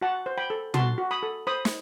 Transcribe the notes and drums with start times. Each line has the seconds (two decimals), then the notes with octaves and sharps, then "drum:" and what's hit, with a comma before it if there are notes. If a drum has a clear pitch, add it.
0.01 F#4 F#5 A5
0.26 C5
0.38 G5 B5
0.50 A4
0.74 F#4 A5 C6, drum: tom
0.98 F#4
1.11 B5 D#6
1.23 A4
1.47 C5 B5 D#6
1.65 drum: snare